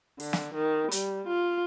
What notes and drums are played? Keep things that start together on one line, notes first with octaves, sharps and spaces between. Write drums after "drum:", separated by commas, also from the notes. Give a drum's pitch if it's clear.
D3, drum: open hi-hat
drum: snare
D#3
G3, drum: hi-hat
F4